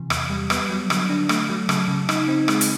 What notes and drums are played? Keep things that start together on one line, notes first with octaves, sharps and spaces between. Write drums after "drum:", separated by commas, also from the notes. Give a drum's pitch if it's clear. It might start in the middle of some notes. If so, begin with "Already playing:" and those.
Already playing: C3 E3
E2, drum: rim click
G3
B3, drum: rim click
F#3
D3, drum: rim click
D4
A3, drum: rim click
F#3
C#3, drum: rim click
C#3
D#4, drum: rim click
C4
G#3, drum: rim click
drum: hi-hat